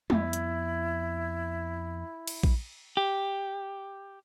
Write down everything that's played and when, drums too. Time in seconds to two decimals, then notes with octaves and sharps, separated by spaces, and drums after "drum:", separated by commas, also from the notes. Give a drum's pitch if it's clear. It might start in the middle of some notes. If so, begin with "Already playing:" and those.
0.10 F2 B3 E4, drum: tom G3
0.33 drum: hi-hat
2.27 drum: cymbal
2.43 drum: kick
2.97 G4